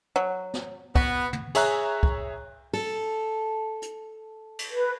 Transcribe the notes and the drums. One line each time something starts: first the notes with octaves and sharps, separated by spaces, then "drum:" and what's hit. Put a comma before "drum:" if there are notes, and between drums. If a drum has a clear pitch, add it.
F#3
drum: snare
B3 F#4, drum: kick
drum: tom
G#4 C#5 E5 A#5 F#6, drum: cymbal
drum: kick
A4, drum: open hi-hat
drum: hi-hat
drum: cymbal
B4